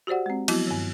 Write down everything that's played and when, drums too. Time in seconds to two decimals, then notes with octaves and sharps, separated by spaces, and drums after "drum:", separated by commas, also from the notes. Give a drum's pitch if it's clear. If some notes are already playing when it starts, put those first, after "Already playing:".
0.07 F#4 G4 C5 D5 F#5
0.26 G#3 C4
0.48 F3 F#3 B3 E4 F#4, drum: cymbal
0.67 G2 D#3